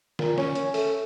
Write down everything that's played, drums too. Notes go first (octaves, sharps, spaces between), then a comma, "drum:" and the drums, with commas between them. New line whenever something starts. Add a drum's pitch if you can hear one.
A#2, drum: snare
C#4, drum: snare
drum: hi-hat
A3, drum: open hi-hat